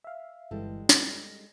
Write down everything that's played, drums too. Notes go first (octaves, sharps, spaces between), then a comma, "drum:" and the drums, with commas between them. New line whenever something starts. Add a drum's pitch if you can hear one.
E5 F5
G1 E3 G3 G#3 A4
A#6, drum: snare